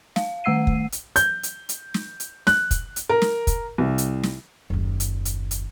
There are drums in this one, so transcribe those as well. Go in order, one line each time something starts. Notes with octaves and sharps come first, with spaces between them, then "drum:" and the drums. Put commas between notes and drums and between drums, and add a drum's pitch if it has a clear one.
F5, drum: snare
D#3 A3 F#5 E6 C7 D#7
drum: kick
drum: hi-hat
G6, drum: hi-hat
drum: hi-hat
drum: hi-hat
drum: snare
drum: hi-hat
F#6, drum: snare
drum: kick, hi-hat
drum: hi-hat
A#4
drum: snare
drum: kick, hi-hat
C2
drum: hi-hat
drum: snare
F#1 D#2
drum: hi-hat
drum: hi-hat
drum: hi-hat